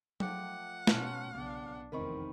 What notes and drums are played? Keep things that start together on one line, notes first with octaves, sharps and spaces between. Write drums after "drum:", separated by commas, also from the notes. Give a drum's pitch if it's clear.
F3 A3 F#5 G5 D6, drum: tom F#3
B2 C#4 A5 C6 F6, drum: snare
B1 C#3 B3 D4
F1 E2 D#3 C4 D#4 A#4 B5 C#6